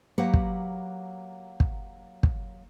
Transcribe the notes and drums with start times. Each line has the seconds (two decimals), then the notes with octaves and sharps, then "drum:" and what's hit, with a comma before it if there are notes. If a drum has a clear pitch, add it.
0.18 F#3 A#3 G4 B4 F#5
0.34 drum: kick
1.60 drum: kick
2.23 drum: kick